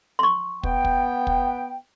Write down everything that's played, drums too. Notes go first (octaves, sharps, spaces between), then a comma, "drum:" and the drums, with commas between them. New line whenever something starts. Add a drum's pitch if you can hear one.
C6 C#6
B3 G5, drum: kick
drum: kick
drum: kick